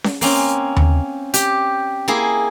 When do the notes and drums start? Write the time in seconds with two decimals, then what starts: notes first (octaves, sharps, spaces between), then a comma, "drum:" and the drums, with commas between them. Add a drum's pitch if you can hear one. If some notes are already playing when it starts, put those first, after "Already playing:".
0.04 drum: snare C#4
0.21 A#3 C4 C#4, drum: open hi-hat
0.77 drum: tom D#2
1.34 G4, drum: hi-hat
2.08 A#3 E4 G#4